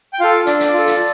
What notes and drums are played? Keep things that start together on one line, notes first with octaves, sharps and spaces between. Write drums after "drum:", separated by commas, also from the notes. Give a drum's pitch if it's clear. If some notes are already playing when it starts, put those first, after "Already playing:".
G5
F4 A4 F5
D4 D5, drum: hi-hat
drum: hi-hat
F4 A4
drum: hi-hat